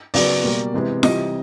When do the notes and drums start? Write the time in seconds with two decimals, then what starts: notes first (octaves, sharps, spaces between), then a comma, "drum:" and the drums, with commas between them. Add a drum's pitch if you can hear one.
0.14 C#3 F#3 B3 D5, drum: open hi-hat
0.44 B2 G3 A#3
0.74 C3 E3 G#3 B3
1.03 C3 E3 G3 D#5, drum: snare